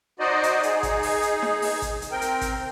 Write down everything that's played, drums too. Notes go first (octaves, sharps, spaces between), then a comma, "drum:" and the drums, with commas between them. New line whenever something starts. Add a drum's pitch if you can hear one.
D#4 F#4 C5 D5 D#5
drum: hi-hat
D#4 G#4, drum: hi-hat
drum: kick G#1, hi-hat
drum: open hi-hat
drum: hi-hat
drum: snare D#4
drum: open hi-hat
drum: kick G#1, hi-hat
drum: hi-hat
C4 A#4 G5
drum: hi-hat
drum: kick G#1, hi-hat